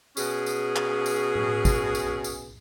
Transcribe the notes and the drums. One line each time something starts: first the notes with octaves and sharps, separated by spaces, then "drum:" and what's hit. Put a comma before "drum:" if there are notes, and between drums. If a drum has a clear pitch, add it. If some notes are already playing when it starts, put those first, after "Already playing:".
B2 C#4 G#4, drum: tambourine
drum: tambourine
drum: clap
drum: tambourine
drum: tom A2
drum: kick, tambourine
drum: tambourine
drum: tambourine